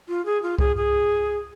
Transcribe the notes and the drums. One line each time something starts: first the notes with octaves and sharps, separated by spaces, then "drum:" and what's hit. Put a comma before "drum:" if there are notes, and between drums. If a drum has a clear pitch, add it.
F4
G#4
F4
G#4, drum: kick C2
G#4